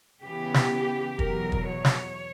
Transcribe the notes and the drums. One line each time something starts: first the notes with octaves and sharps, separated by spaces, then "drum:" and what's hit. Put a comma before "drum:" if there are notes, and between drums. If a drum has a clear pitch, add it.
C#3 E3 B3 G4
drum: snare
E2 B2 F#3 A#4, drum: kick
drum: kick
C#5
drum: snare